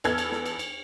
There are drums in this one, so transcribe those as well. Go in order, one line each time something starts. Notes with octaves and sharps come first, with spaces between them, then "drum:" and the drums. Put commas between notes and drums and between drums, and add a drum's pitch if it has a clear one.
E2 B3 A4 F6 G#6, drum: cymbal
drum: cymbal
drum: snare
drum: cymbal
drum: cymbal